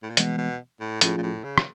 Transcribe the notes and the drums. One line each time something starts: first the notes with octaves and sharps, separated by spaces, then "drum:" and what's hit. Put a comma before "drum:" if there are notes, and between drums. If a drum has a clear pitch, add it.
A2
A#2
B2 E3 G#3 B3, drum: hi-hat
B2
A2
A2 F3 A3 C#4 F4 G#4, drum: hi-hat
A#2
A2
C#3
drum: rim click